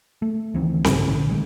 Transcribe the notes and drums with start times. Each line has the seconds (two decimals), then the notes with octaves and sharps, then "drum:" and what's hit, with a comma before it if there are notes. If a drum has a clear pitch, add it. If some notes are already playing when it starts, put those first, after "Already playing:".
0.22 A3
0.54 D2 D#3 E3 C4
0.84 B1 G#2 C#3, drum: snare C4
1.08 A#1 D3 C#4
1.29 B1 D#3 G#3